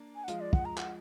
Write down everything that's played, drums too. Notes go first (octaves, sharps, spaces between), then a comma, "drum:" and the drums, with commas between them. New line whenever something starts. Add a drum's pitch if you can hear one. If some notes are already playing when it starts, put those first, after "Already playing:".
Already playing: A#3 D4
G#5
F#5
F3 G#3 F5, drum: hi-hat
D5
F#5, drum: kick
A#5
F#5, drum: clap